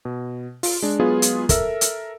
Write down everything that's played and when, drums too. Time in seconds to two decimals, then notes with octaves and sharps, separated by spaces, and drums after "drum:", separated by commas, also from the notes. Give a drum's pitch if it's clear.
0.05 B2
0.63 F4, drum: open hi-hat
0.82 G#3 D4
0.99 F#3 G#3 B3 F4 G#4
1.22 drum: hi-hat
1.49 A4 A#4 E5 E6, drum: kick, hi-hat
1.81 drum: hi-hat